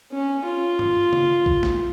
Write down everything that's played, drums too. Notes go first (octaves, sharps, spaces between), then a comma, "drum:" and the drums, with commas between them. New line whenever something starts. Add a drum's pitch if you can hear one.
C#4
F4
drum: tom G2
drum: tom C#3
drum: kick A#1
drum: snare